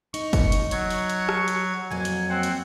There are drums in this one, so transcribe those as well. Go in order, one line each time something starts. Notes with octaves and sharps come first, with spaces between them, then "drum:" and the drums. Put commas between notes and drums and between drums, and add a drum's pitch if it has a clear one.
D#4 C#6, drum: hi-hat
drum: kick, hi-hat
drum: hi-hat
F#3 C#6 G#6, drum: hi-hat
drum: open hi-hat
drum: hi-hat
drum: rim click
drum: hi-hat
F2 F#3 A#3 G#5
drum: hi-hat
C4 C5 F#5
drum: hi-hat